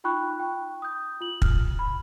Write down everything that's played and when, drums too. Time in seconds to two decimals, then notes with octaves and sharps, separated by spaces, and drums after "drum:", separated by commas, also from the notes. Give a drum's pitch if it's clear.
0.04 D#4 F4 G5 B5 C#6 F#6
0.39 G5
0.82 D#6 G6
1.20 F4 F#7
1.42 F6, drum: kick
1.79 B5